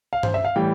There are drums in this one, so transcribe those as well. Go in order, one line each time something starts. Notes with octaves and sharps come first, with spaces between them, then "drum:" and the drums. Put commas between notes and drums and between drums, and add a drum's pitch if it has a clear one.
F5
C5, drum: tom G2
E5
F5
A2 E3 G3 G5